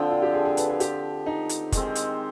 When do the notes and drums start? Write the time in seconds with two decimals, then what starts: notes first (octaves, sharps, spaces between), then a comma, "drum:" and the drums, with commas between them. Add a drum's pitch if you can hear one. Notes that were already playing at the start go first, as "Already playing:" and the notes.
Already playing: D3 F3 C4 G5
0.11 F4
0.22 G4
0.34 G#4
0.45 G#4
0.57 B4, drum: hi-hat
0.69 G#4
0.80 G4, drum: hi-hat
1.26 D#4
1.49 drum: hi-hat
1.72 D#3 G#3 C4, drum: kick, hi-hat
1.95 drum: hi-hat